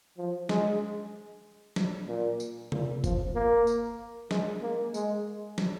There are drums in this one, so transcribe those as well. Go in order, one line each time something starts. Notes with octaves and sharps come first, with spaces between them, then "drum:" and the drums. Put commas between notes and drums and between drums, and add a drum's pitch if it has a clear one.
F3
G#3, drum: snare
drum: snare
A#2
drum: tambourine
A#2, drum: tom C3
F3, drum: kick, tambourine
A#3
drum: tambourine
G#3, drum: snare
A#3
G#3, drum: tambourine
drum: snare